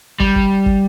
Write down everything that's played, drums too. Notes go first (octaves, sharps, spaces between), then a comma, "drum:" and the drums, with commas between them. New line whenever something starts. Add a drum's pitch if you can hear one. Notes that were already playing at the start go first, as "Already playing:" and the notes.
G3, drum: kick
drum: kick
drum: kick